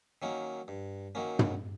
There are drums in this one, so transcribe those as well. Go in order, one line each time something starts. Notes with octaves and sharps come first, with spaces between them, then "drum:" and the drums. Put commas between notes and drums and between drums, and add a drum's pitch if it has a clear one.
D#3 F#3 A#3 C#4
G2
D#3 F#3 A#3 C#4
drum: tom